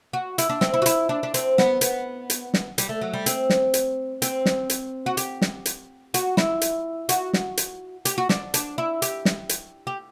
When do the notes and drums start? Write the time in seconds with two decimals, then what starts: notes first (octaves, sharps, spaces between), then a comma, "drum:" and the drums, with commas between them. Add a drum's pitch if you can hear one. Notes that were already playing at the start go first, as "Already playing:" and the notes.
0.13 F#4
0.38 E4, drum: hi-hat
0.49 D4
0.61 C4, drum: snare
0.74 E4
0.82 F#4
0.86 E4, drum: hi-hat
1.09 D4
1.23 D4
1.34 C4, drum: hi-hat
1.58 B3, drum: snare
1.81 B3, drum: hi-hat
2.30 drum: hi-hat
2.54 drum: snare
2.78 G3, drum: hi-hat
2.89 A3
3.01 F#3
3.13 G3
3.26 C4, drum: hi-hat
3.50 drum: snare
3.74 drum: hi-hat
4.22 C4, drum: hi-hat
4.46 drum: snare
4.70 drum: hi-hat
5.06 F#4
5.17 G4, drum: hi-hat
5.42 drum: snare
5.66 drum: hi-hat
6.14 F#4, drum: hi-hat
6.37 E4, drum: snare
6.61 drum: hi-hat
7.09 F#4, drum: hi-hat
7.33 drum: snare
7.57 drum: hi-hat
8.05 G4, drum: hi-hat
8.18 F#4
8.29 D4, drum: snare
8.54 D4, drum: hi-hat
8.78 E4
9.02 G4, drum: hi-hat
9.25 drum: snare
9.49 drum: hi-hat
9.87 G4